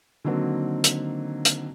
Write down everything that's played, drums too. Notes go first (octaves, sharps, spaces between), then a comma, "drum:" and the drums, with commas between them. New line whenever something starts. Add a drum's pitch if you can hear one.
D3 D#3 F#3 A#3 C4
drum: hi-hat
drum: hi-hat